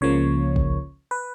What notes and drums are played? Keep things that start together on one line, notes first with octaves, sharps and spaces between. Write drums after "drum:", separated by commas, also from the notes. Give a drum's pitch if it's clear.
C#2 C#3 F3 A#3 C#5
drum: kick G#1
B4